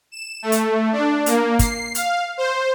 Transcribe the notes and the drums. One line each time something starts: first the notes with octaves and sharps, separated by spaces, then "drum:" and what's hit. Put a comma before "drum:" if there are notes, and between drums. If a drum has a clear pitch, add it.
E7
A3
drum: hi-hat
D4
A#3, drum: hi-hat
C7, drum: kick, hi-hat
F5, drum: hi-hat
C5